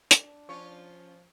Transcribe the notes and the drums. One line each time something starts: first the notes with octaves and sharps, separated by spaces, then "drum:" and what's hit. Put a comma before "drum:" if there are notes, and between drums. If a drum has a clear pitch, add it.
D4, drum: hi-hat
F3 C#4 F4 C#5 C#6